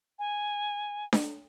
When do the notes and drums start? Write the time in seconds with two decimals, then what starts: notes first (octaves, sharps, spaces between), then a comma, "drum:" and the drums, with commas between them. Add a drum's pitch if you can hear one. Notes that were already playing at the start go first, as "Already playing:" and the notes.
0.19 G#5
1.13 drum: snare D4